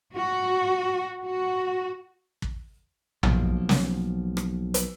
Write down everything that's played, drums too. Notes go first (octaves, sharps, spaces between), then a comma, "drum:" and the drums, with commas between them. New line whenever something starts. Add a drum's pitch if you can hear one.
F#4
F#4
drum: kick
B1 F3 A#3, drum: tom
drum: snare
drum: rim click
drum: hi-hat